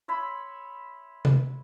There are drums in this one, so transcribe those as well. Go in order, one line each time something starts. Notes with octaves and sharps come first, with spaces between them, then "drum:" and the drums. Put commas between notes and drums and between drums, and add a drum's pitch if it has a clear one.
C#5 E5 B5 C6
drum: tom C3